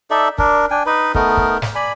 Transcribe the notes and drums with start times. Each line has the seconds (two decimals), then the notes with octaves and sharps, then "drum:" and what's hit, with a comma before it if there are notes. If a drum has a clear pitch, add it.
0.11 D#4 A4 D5 E5
0.38 D4 A#4, drum: kick
0.71 D4 G5 G#5
0.86 D#4 B4
1.15 A3 B3 D#4 A#4, drum: kick
1.37 drum: kick
1.62 drum: snare
1.75 D5 G#5 B5